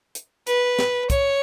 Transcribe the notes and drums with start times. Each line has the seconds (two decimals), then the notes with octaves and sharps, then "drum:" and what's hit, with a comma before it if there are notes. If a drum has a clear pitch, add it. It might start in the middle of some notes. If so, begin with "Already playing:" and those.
0.15 drum: hi-hat
0.47 B4, drum: hi-hat
0.79 drum: snare
1.10 C#5, drum: kick, hi-hat